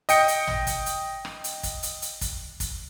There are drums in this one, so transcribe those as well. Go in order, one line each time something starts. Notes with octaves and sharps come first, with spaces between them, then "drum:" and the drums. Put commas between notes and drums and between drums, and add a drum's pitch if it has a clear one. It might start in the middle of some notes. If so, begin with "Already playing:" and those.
D#5 G5 C#7, drum: hi-hat
drum: hi-hat
drum: tom
drum: kick, hi-hat
drum: hi-hat
drum: rim click
drum: hi-hat
drum: kick, hi-hat
drum: hi-hat
drum: hi-hat
drum: kick, hi-hat
drum: kick, hi-hat